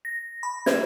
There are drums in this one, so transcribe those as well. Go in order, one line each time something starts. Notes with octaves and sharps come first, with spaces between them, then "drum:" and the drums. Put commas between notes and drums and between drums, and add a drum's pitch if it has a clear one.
A#6
B5
G#6, drum: snare